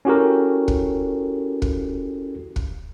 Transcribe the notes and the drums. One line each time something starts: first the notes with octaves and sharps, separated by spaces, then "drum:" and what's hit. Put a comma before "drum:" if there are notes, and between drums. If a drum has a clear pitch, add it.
C#4 E4 F#4 G4 A4 A#4
drum: kick
drum: kick
drum: kick